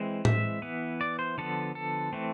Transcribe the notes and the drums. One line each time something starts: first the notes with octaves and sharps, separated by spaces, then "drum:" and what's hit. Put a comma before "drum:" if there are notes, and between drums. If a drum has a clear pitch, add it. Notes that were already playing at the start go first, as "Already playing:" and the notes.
Already playing: E3 G#3 C4
E5, drum: tom A2
E3 B3
D5
C5
D3 F3 B3 A4
A4
E3 A3 C4